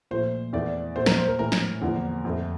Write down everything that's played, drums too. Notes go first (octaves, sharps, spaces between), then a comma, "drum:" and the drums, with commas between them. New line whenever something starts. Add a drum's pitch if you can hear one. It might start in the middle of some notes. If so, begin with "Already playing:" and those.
A#2 F3 A3 C5
E2 E3 A3 D5
A#2 A3 C5
A#4, drum: snare
C5
A#4
A2 E3 A3 A#4
drum: snare
E2 D3 F3 A#3
F2 D3 A3